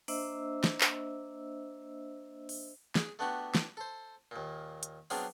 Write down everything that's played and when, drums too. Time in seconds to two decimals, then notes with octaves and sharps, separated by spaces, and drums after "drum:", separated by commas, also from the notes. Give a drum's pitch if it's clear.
0.08 A#3 D4 C5 D#5 E5 E6, drum: open hi-hat
0.64 drum: snare
0.81 drum: clap
2.49 drum: open hi-hat
2.95 G#4, drum: snare
3.19 A3 B3 D4 F#4 G4
3.55 drum: snare
3.77 A4 C5
4.31 D#2 A#2
4.83 drum: hi-hat
5.10 F#3 B3 C4 D4 F4 G#4, drum: open hi-hat